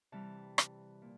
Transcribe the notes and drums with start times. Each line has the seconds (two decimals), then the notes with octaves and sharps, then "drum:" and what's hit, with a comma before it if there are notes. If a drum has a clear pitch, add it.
0.12 C3 E3 G3 A5
0.58 drum: rim click
1.02 A#2